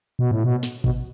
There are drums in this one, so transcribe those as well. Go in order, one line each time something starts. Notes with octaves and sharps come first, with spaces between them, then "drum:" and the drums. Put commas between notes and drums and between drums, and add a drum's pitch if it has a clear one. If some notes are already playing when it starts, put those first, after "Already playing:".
B2
A2
B2
drum: snare
B2, drum: kick G#1